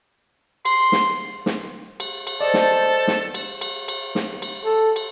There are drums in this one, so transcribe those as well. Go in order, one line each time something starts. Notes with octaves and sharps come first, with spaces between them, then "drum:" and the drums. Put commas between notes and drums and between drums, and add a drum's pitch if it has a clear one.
C6, drum: cymbal
drum: snare
drum: snare
drum: cymbal
drum: cymbal
A4 C5 D5 D#5 A5
drum: snare
drum: snare
drum: cymbal
drum: cymbal
drum: cymbal
drum: snare
drum: cymbal
A4
drum: cymbal